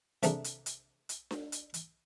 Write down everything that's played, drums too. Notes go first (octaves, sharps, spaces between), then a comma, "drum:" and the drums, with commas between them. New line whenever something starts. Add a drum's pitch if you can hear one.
C3 A3 A#3 D4 G#4, drum: hi-hat
drum: hi-hat
drum: hi-hat
drum: hi-hat
drum: snare D4
drum: hi-hat
drum: hi-hat